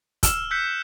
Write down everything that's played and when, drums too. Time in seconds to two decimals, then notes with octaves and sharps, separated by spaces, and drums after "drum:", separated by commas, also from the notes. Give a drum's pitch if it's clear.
0.23 E6 F6 E7, drum: kick, hi-hat
0.51 E6 F#6 G6 B6 C#7